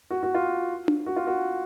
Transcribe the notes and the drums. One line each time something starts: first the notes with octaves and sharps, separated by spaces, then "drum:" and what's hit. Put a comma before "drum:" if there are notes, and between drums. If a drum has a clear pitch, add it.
F#4
F#4
F4
drum: tom D4
F#4
F4
F#4